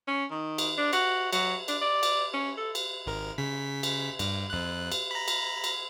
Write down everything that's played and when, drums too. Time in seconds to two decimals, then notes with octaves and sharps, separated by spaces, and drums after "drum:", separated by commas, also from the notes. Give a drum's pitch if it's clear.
0.07 C#4
0.31 D#3
0.58 drum: cymbal
0.77 D4
0.93 F#4, drum: cymbal
1.33 F#3, drum: cymbal
1.68 D4, drum: cymbal
1.81 D5
2.03 drum: cymbal
2.33 C#4
2.57 A4
2.75 drum: cymbal
3.06 G#1 A#4
3.38 C#3 B6
3.83 drum: cymbal
4.19 G2, drum: cymbal
4.50 F2 F#6
4.92 drum: cymbal
5.11 A#5 B5
5.28 drum: cymbal
5.64 drum: cymbal